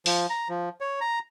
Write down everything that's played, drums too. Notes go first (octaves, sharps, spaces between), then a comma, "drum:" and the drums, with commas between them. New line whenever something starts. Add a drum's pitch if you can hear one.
F3, drum: open hi-hat
A#5
F3
C#5
A#5